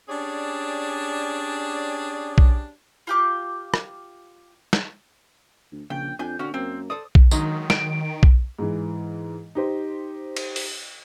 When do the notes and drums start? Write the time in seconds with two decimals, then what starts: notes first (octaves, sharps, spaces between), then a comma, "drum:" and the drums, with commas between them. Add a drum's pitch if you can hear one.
0.08 C#4 D4 G4 G#4 C#5 D5
2.38 drum: kick B1
3.07 F4 G4 D6
3.74 drum: rim click
4.73 drum: snare
5.72 D2
5.90 A#1 C#3 G5
6.19 F2 D4 G#5 G6
6.39 A#2 D3 C4 C#4 F#4
6.54 F#2 A#3 C4
6.90 A4 C5 D5 D#6
7.15 drum: kick B1
7.31 D#3 F#3 G#3 D#4, drum: tambourine
7.70 D7, drum: snare
8.23 drum: kick B1
8.59 G#2 E3
9.55 D#4 G4 C5
10.36 drum: cymbal
10.56 drum: open hi-hat